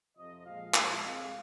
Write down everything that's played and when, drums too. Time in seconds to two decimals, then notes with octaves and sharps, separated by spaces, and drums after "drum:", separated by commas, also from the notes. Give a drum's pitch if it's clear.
0.17 F2 C3 F3 D#5
0.46 A#2 F3 G#3 F5
0.74 A#2 F3 G#3, drum: clap
1.03 F2 C3 G#3 F5